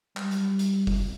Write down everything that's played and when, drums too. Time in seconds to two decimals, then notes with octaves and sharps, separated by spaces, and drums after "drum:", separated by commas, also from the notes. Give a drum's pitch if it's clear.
0.17 G3, drum: clap
0.31 drum: hi-hat
0.59 drum: hi-hat
0.87 drum: kick F#1, open hi-hat